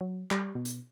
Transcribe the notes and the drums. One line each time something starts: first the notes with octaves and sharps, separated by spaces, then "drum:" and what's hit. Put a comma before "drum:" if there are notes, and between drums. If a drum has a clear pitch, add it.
F#3
G3, drum: clap
B2
drum: hi-hat